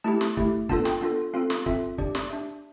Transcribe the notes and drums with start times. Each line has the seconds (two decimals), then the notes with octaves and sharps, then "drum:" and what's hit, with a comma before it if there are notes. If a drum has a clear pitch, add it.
0.04 A3 E4 G4 A5
0.21 drum: snare
0.37 A3 E4 G4, drum: kick
0.69 B3 D4 F4 A4 A5, drum: kick
0.85 G5, drum: snare
1.01 B3 D4 F4 A4
1.34 C4 F4 A4 F5
1.50 drum: snare
1.66 C4 F4 A4 E5, drum: kick
1.98 D4 G4 D5, drum: kick
2.15 D5, drum: snare
2.30 D4 G4 E5